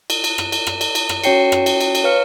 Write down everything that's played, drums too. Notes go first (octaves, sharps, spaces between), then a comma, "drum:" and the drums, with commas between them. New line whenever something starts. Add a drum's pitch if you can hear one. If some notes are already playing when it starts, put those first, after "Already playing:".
drum: cymbal
drum: cymbal
drum: rim click
drum: cymbal
drum: rim click
drum: cymbal
drum: cymbal
drum: rim click
C#4 F#4 C#5 G5 C7 C#7, drum: cymbal
drum: rim click
drum: cymbal
drum: cymbal
drum: cymbal
B4 C#5 F5 F6 C#7